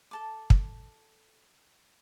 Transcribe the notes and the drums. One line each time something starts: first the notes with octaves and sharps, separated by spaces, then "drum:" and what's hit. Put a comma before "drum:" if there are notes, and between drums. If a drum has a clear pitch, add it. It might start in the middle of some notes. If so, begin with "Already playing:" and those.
A4 A5 D6
drum: kick